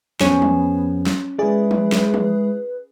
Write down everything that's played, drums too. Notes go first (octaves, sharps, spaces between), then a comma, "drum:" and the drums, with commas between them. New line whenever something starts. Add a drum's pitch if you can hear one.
F2 B3 C#4 G#4 C5, drum: snare
drum: tom
drum: snare
G#3 E4 G#4 B4 D5
drum: tom
drum: snare
drum: tom